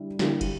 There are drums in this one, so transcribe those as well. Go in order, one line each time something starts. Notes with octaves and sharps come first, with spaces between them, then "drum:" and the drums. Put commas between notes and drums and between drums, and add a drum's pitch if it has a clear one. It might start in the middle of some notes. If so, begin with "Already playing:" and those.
Already playing: D3 G3 E4
D3 G3 A#3 E4, drum: snare
drum: kick, cymbal